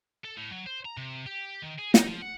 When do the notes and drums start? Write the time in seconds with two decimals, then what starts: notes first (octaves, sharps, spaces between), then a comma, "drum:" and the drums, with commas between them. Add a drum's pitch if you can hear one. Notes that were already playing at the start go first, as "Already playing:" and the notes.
0.25 A4
0.37 A2
0.51 F#3
0.66 C5
0.85 A#5
0.97 C3
1.26 G4
1.62 D#3
1.79 G#4
1.94 D#4, drum: snare
2.07 F3
2.22 F#5